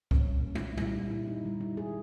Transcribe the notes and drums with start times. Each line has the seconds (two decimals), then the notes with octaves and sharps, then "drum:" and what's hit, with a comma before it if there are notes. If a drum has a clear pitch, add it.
0.11 A#2 G3 A#3 C#4, drum: kick C2
0.55 drum: tom
0.78 A#2 G3 A#3 E4, drum: tom
1.11 E4
1.28 D#4
1.44 D#3 G3 A#3
1.61 E4
1.77 G#4